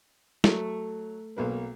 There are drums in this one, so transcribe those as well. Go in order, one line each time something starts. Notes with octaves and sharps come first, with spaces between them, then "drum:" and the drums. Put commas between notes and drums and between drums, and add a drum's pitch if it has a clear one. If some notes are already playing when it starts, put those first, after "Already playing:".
F#3 A3, drum: snare
B1 A#3 B4